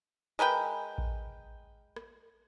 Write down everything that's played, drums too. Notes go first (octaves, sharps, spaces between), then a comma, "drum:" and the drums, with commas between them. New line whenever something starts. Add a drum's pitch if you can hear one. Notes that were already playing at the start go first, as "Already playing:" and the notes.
G#3 A#4 B4 G5
drum: kick A1
drum: rim click